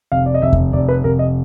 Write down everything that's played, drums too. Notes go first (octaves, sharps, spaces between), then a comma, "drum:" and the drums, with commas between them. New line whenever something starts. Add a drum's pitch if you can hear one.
F1 F5
D5
D#5
F1 E5
drum: kick E2
F1 D5
B4
F1 A#4
D#5